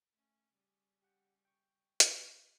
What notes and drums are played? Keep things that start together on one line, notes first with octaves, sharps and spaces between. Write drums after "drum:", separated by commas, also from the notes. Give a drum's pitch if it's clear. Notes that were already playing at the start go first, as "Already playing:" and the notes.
A3 C#4
C#3 G3
G4 F#5 G5
G5 C#6
drum: hi-hat